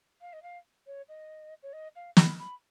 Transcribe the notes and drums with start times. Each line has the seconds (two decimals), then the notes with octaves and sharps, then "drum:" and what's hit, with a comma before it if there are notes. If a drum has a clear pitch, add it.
0.20 F5
0.32 D#5
0.42 F5
0.86 C#5
1.08 D#5
1.62 C#5
1.72 D#5
1.95 F5
2.17 B5, drum: snare
2.38 B5